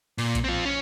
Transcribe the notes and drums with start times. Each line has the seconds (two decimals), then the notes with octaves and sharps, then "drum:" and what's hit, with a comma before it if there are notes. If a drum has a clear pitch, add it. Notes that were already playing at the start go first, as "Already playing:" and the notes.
0.18 A#2, drum: open hi-hat
0.35 drum: kick A#1, hi-hat
0.44 C4 F4
0.65 C#4